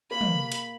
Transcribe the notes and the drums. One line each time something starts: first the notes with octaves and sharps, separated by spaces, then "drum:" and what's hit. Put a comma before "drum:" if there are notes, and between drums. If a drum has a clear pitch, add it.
A#3 B5
drum: tom
drum: hi-hat